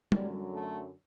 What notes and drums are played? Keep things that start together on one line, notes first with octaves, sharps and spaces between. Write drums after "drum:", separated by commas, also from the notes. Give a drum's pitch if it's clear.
F#2 D3 F#3 G3, drum: tom
A3